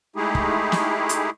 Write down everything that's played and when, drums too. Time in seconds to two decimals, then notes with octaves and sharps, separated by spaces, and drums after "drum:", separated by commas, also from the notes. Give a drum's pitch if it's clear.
0.16 G#3 A3 D#4 E4 G4 G#4
0.35 drum: kick
0.72 drum: snare
1.09 drum: hi-hat